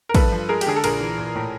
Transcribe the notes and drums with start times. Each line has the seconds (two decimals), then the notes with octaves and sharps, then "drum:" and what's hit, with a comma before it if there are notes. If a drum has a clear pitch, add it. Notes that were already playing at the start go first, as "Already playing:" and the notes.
0.09 A#4
0.15 G2 A4 B4, drum: kick, cymbal
0.32 F3
0.49 G#3 G#4 A#4
0.61 G4, drum: cymbal
0.67 D3 G#4
0.76 A4
0.84 A#1 G#4 A#4, drum: cymbal
1.00 E3
1.17 A#1
1.35 A2